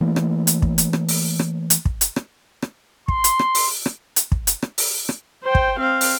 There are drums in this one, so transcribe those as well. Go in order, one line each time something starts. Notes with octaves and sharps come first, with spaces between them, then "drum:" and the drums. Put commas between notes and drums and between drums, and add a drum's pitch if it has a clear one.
E3 A3 A#3
drum: rim click
drum: hi-hat
drum: kick
drum: hi-hat
drum: rim click
drum: open hi-hat
drum: rim click
drum: hi-hat
drum: kick
drum: hi-hat
drum: rim click
drum: rim click
C6, drum: kick
drum: hi-hat
drum: rim click
drum: open hi-hat
drum: rim click
drum: hi-hat
drum: kick
drum: hi-hat
drum: rim click
drum: open hi-hat
drum: rim click
C5 G5
drum: kick
C4 F5
drum: open hi-hat